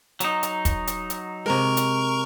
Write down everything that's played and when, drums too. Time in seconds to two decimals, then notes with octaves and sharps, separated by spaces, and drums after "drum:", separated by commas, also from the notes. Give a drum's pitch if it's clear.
0.20 F#3 D#4, drum: hi-hat
0.43 drum: hi-hat
0.65 drum: kick, hi-hat
0.87 drum: hi-hat
1.10 drum: hi-hat
1.46 C3 G#3 A#4 A#5 C#6
1.77 drum: hi-hat